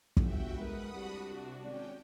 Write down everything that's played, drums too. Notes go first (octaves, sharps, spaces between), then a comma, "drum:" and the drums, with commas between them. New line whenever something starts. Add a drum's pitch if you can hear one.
G1 F#4 E5 G5, drum: kick
G#3 A#4 B4 F#5 B5 D#6
C2 G3 D4 F#4
C3
G#1 C#4 D5 G5